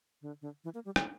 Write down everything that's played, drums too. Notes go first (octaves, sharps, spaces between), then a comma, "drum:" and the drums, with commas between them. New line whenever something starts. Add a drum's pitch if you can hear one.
D3
D3
E3
A#3
G3
D3, drum: rim click